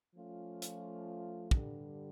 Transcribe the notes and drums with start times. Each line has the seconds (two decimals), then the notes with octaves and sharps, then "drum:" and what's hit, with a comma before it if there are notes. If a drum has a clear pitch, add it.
0.15 F3 A3 C#4 F4
0.62 drum: hi-hat
1.51 G2 D3 G3, drum: kick